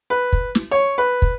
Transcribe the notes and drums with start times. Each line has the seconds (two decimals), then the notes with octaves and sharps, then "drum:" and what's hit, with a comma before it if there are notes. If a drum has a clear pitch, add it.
0.10 B4
0.33 drum: kick
0.55 drum: snare
0.71 C#5
0.98 B4
1.22 drum: kick